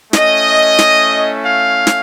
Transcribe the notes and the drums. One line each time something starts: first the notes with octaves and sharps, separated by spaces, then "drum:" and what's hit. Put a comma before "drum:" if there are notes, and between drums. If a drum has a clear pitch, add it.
A3 C#4 E4 D#5, drum: snare
drum: snare
F5
drum: snare